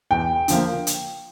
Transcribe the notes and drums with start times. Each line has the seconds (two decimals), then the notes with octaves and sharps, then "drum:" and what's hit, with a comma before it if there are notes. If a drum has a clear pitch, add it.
0.11 E2 G5
0.48 D3 F3 A#3, drum: hi-hat
0.87 drum: hi-hat